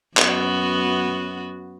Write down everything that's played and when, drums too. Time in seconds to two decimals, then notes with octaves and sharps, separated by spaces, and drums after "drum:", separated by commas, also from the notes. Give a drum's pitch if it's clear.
0.17 F#2 B3 F#4, drum: clap